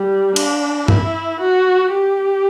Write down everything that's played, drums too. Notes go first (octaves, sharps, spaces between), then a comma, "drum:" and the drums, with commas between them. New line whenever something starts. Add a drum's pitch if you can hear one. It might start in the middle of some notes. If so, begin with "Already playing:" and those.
Already playing: G3
D4, drum: cymbal
E4, drum: tom G2
F#4
G4